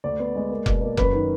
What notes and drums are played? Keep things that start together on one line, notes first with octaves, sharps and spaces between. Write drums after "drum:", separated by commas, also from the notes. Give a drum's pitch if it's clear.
D2 D5
B3
G#3
A#3
B2, drum: kick F1
A#3
F#2 B4, drum: kick F1
D#3